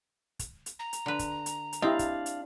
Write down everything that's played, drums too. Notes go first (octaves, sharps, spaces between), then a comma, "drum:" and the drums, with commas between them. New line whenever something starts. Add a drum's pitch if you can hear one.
drum: kick, hi-hat
drum: hi-hat
A#5
drum: hi-hat
D3 B4
drum: kick, hi-hat
drum: hi-hat
drum: hi-hat
C4 D4 E4 G4 D#5 F5
drum: kick, hi-hat
drum: hi-hat